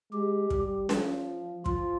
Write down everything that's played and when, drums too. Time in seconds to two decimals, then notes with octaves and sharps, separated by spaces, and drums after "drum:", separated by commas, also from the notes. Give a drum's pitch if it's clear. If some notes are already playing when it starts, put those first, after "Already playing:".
0.12 G#3 G4
0.50 G3, drum: kick
0.89 F3, drum: snare C#4
1.66 F3 F4, drum: kick